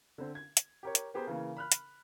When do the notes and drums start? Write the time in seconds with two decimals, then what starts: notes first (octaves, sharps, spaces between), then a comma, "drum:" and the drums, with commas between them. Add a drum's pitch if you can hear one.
0.18 D3 C4
0.35 G#6
0.57 drum: hi-hat
0.83 G4 A#4 C#5
0.95 drum: hi-hat
1.14 B3 G4 G#4 A#4 C5
1.27 C#3 E3 A#3
1.57 B5 F6 F#6
1.72 drum: hi-hat